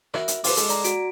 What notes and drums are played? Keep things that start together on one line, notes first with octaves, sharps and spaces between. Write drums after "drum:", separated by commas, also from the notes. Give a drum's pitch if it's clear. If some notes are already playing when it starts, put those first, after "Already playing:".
E4 F#4 A#4, drum: rim click
drum: hi-hat
F4 B4 C5 D6, drum: open hi-hat
G#3 A4, drum: hi-hat
D5 A#5, drum: hi-hat
F#4 D7, drum: hi-hat